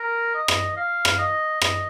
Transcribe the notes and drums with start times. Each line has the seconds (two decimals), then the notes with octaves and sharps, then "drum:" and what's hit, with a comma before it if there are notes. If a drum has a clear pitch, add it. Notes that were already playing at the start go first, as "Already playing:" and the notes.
Already playing: A#4
0.34 D#5
0.48 drum: rim click
0.76 F5
1.05 drum: rim click
1.19 D#5
1.62 D#5, drum: rim click